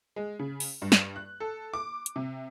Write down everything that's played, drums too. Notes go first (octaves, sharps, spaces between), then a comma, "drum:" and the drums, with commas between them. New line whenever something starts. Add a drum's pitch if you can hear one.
G#3
C#3
drum: open hi-hat
G2
drum: snare
F#6
A4
D6
drum: hi-hat
C3